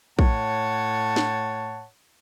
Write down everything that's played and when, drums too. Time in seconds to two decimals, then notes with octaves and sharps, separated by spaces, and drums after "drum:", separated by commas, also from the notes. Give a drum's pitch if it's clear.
0.19 A2 C#5 F#5 A5, drum: kick A#1
1.16 drum: snare